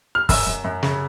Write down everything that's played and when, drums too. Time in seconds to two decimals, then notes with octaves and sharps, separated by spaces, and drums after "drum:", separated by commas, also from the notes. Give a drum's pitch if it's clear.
0.15 F6
0.29 F#2 E6, drum: kick, open hi-hat
0.47 F#2
0.64 F#2
0.83 C#3, drum: snare